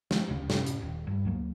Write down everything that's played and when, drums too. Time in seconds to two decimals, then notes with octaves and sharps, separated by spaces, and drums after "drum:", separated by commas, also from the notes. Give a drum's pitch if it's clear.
0.11 F3 G#3 B3 C4, drum: snare
0.29 D1 D2 C#3
0.50 F#2 A2 C3 C#4, drum: snare
0.66 drum: hi-hat
0.82 D#1
1.07 G2
1.25 D2 F#3 A#3